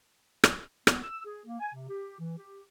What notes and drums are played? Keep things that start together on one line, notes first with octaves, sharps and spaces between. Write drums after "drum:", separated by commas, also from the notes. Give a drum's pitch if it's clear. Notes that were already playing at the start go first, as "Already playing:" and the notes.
drum: rim click
B3, drum: rim click
E6
G#4
A#3
G#5
C3
G4
E3
G4